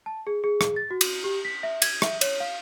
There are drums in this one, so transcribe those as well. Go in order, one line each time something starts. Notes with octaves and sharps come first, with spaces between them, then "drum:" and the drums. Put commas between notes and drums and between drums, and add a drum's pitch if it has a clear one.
A5
G#4
G#4
drum: rim click
A6
F#4
drum: cymbal
G4
B6
E5
G#6, drum: cymbal
E5, drum: rim click
C#5, drum: cymbal
F5